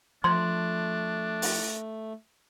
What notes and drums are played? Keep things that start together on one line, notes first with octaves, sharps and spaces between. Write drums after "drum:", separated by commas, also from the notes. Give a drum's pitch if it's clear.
F3 A3 D4 C6
drum: open hi-hat